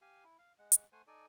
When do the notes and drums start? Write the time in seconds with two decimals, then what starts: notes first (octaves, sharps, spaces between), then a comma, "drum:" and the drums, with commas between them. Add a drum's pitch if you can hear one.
0.01 G4 F5 G#5
0.24 E4
0.38 F5
0.58 G#3 F#5
0.72 drum: hi-hat
0.92 A3 C5 F#5 G#5
1.07 D#4 A4 D5 G#5